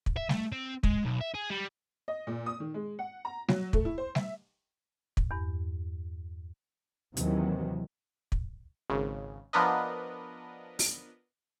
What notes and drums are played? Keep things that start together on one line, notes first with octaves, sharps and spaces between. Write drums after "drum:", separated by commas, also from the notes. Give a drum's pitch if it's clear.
drum: kick
E5
A3, drum: snare
C4
G#3, drum: kick
B1
E5
G#4
G3
D#5
A#2
D#6
D#3
G#3
F#5
A#5
F#3, drum: snare
A3, drum: kick
E4
C5
E5, drum: snare
drum: kick
E2 G2
D#2 C3 D#3 E3 F#3, drum: hi-hat
drum: kick
G#1 C#3
F3 B3 D4 A#4 B4 D#5
drum: open hi-hat